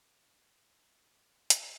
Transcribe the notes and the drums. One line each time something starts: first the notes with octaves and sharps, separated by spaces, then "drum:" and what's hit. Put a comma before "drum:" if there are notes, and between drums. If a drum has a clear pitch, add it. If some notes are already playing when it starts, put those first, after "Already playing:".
Already playing: F3 E5
A#2
A#2 G#5
F3
E3 A5
G2
G2
E3
E3, drum: hi-hat